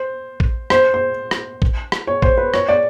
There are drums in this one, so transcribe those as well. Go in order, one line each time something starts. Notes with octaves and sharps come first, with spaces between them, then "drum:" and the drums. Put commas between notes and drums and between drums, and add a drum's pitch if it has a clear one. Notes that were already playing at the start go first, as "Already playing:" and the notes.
Already playing: C5
drum: kick
C5, drum: rim click
C5
drum: rim click
drum: kick
drum: rim click
C#5
C5, drum: kick
B4
C#5, drum: rim click
D5